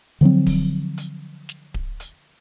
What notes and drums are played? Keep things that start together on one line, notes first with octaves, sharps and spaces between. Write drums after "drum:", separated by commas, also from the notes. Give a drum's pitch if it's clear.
D3 F3 F#3 C4
drum: kick D1, open hi-hat
drum: hi-hat
drum: snare
drum: kick D1
drum: hi-hat